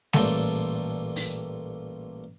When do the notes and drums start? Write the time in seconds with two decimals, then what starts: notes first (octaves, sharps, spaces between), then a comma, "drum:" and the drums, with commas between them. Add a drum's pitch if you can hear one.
0.13 A1 A#2 G3 A4 G5, drum: snare G#3
1.16 drum: open hi-hat